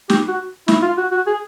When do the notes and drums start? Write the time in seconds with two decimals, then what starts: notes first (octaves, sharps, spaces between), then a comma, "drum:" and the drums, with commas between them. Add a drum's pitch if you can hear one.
0.10 G4, drum: snare
0.28 F#4
0.68 E4, drum: snare
0.82 F4
0.98 F#4
1.12 F#4
1.27 G#4